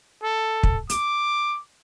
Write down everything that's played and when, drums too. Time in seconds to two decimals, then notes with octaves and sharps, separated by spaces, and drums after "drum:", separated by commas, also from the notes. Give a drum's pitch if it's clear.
0.23 A4
0.63 drum: kick
0.89 D6, drum: hi-hat